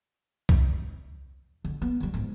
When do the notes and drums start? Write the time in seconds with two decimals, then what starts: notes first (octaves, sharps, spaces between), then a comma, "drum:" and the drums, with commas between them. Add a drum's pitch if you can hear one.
0.49 drum: kick C2
1.65 D3
1.82 B3
2.00 D3 G3
2.14 G1 G#2